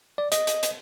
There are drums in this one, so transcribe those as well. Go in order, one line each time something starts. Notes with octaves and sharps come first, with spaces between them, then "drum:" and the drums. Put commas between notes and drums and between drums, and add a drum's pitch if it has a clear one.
D5
D#5, drum: hi-hat
drum: hi-hat
drum: hi-hat